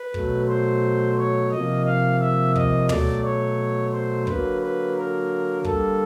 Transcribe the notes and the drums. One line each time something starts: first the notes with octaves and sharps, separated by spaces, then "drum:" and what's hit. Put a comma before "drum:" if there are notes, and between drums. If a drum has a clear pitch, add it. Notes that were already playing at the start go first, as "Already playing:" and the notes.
Already playing: B4
B2 F#3 A3, drum: kick
C5
C#5
C3 F3 A#3 D#5
F5
E5
D#5, drum: kick
B2 F#3 A3 D5, drum: tom
C#5
C5
D3 F#3 A#3 B4, drum: kick
B4
A#4
D3 G3 A#3 A4, drum: kick